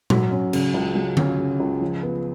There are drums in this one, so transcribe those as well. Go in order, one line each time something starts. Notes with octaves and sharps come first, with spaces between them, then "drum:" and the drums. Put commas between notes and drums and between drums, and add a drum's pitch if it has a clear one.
F#3, drum: tom A#2
C#4
C#3, drum: cymbal
C#2
F#3
C#4, drum: tom D3
C#3
C#2
F3
B3